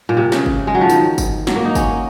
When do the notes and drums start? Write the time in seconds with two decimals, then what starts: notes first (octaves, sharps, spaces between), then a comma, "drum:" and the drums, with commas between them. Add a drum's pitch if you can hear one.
0.09 A#2
0.17 C3
0.32 C#3, drum: snare
0.46 drum: kick
0.67 G#3
0.75 F#3
0.81 F3
0.90 D#3, drum: tambourine
1.18 drum: kick, tambourine
1.47 F#3, drum: snare
1.56 A#3
1.65 D#4
1.75 C#4, drum: kick, tambourine